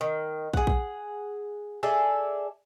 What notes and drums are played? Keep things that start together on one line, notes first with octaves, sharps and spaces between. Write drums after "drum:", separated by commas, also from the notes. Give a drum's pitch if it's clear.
D#3
G#4 F#5, drum: kick
drum: kick
G#4 A4 D5 E5